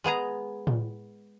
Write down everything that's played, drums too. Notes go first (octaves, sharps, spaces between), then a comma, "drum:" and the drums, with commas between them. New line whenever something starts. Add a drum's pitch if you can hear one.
G#3 B3 G#4 A#5
drum: tom A2